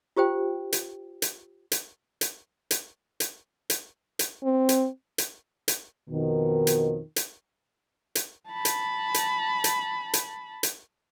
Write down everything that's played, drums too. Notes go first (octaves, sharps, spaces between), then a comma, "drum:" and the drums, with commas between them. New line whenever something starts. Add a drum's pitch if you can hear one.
F4 G4 C5 G5
drum: hi-hat
drum: hi-hat
drum: hi-hat
drum: hi-hat
drum: hi-hat
drum: hi-hat
drum: hi-hat
drum: hi-hat
C4
drum: hi-hat
drum: hi-hat
drum: hi-hat
F2 B2 D#3
drum: hi-hat
drum: hi-hat
drum: hi-hat
A5 B5
drum: hi-hat
drum: hi-hat
drum: hi-hat
drum: hi-hat
drum: hi-hat